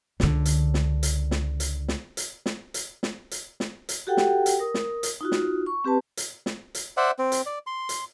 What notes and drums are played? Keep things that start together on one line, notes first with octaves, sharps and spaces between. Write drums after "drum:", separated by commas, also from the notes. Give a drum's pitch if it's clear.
C#2 D3, drum: snare
drum: hi-hat
drum: snare
drum: hi-hat
drum: snare
drum: hi-hat
drum: snare
drum: hi-hat
drum: snare
drum: hi-hat
drum: snare
drum: hi-hat
drum: snare
drum: hi-hat
F#4 G4 A4 F#5 G5
drum: snare
drum: hi-hat
A#4 D#6
drum: snare
drum: hi-hat
D#4 F4 F#4
drum: snare
C#6
C4 G4 B4 A5
drum: hi-hat
drum: snare
drum: hi-hat
C5 D5 E5 F#5
C4
drum: hi-hat
D5
C6
drum: hi-hat